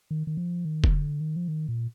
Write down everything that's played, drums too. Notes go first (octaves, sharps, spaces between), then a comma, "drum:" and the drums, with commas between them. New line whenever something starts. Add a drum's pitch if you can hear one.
D#3
D#3
F3
D#3
drum: kick E1
D3
D#3
F3
D#3
A#2